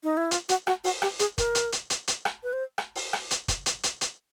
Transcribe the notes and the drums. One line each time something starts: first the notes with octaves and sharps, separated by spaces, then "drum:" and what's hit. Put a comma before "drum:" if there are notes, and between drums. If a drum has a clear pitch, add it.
D#4
E4
F4, drum: hi-hat
F#4, drum: hi-hat
F#4, drum: rim click
F#4, drum: open hi-hat
G4, drum: rim click
G#4, drum: hi-hat
A#4, drum: kick, hi-hat
drum: hi-hat
drum: hi-hat
drum: hi-hat
drum: hi-hat
drum: rim click
B4
C5
drum: rim click
drum: open hi-hat
drum: rim click
drum: hi-hat
drum: kick, hi-hat
drum: hi-hat
drum: hi-hat
drum: hi-hat